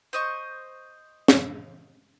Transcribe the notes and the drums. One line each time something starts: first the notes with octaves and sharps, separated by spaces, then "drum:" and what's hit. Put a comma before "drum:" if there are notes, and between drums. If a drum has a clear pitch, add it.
C5 D#5 C#6
drum: snare